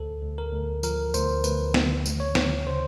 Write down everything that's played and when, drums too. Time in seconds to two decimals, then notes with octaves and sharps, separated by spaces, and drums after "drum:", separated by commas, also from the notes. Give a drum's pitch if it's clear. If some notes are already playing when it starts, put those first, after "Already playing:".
Already playing: D2 A4
0.22 D2
0.38 A#4
0.53 D2
0.83 F3 A#4, drum: tambourine
1.14 D2 C5, drum: tambourine
1.44 D2 B4, drum: tambourine
1.74 D2, drum: snare
2.06 D2, drum: tambourine
2.20 C#5
2.35 D2, drum: snare
2.67 C#3 C5